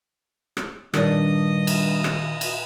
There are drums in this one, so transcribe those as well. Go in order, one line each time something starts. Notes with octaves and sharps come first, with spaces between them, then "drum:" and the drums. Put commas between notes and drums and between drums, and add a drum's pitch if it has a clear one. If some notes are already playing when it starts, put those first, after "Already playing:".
drum: rim click
G2 A#2 D#3 D4 D#5 D#6, drum: rim click
drum: cymbal
drum: rim click
drum: cymbal